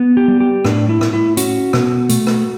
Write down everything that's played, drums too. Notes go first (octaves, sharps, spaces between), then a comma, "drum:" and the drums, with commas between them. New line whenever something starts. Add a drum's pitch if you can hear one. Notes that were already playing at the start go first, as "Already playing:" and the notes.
Already playing: B3
G4
G3
G4
A2 D4, drum: rim click
E4
A2, drum: rim click
E4
C#4 F#4, drum: hi-hat
B2, drum: rim click
A3, drum: hi-hat
drum: rim click